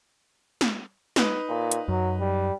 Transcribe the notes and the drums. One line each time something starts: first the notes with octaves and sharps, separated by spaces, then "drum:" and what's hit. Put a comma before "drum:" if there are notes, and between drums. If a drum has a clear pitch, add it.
drum: snare
D#4 B4, drum: snare
A#2
drum: hi-hat
F#2 F#3
G3